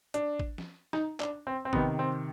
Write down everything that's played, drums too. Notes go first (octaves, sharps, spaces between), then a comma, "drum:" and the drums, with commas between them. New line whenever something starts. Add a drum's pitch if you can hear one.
D4, drum: hi-hat
drum: kick
drum: snare
D#4, drum: rim click
D4, drum: clap
C4
C4
C3 D#3 B3, drum: kick
C4